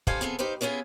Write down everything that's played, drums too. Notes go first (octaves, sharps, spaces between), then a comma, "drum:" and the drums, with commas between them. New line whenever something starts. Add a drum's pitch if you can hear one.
G2 G3 A4 C5 F5 G#5, drum: kick
B3 C4 F4 G#4 A4
D#4 G4 B4 C5 F5
B3 C#4 E4 F4 G#4